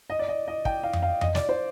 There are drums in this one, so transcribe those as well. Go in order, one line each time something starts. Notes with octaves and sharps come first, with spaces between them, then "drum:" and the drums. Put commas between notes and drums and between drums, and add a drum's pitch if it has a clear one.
D#5
D5
D#5
D#5
G5, drum: kick
F5
drum: tom F2
F5
D#5, drum: tom F2
D5, drum: snare
C5